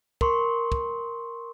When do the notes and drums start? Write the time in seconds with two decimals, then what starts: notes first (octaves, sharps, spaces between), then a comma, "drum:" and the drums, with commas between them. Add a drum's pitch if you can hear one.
0.21 A#4 C6 C#6, drum: kick
0.72 drum: kick